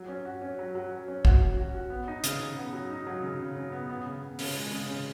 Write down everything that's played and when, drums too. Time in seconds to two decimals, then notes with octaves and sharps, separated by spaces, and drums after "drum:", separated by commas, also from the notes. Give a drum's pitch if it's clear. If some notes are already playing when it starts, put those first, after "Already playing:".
Already playing: F#3
0.08 C#4
0.25 F#4
0.42 C#4
0.59 F#3
0.75 F#3
0.92 F#3
1.08 C#4
1.25 F#4, drum: kick
1.42 F#3
1.57 F#4
1.75 F#4
1.90 B3
2.08 D#4
2.24 C#3, drum: hi-hat
2.40 C#3
2.56 B3
2.73 F#3
2.90 D#4
3.07 F#3
3.23 C#3
3.40 C#3
3.57 C#3
3.72 B3
3.90 B3
4.06 C#3
4.23 B3
4.39 C#3, drum: open hi-hat
4.55 G#3
4.71 C#3
4.88 C#3